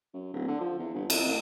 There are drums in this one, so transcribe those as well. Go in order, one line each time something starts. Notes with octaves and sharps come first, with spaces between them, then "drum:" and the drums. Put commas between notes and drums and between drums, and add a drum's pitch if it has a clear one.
F#2
D1
D3
F3
E2
G1
F2, drum: cymbal
A1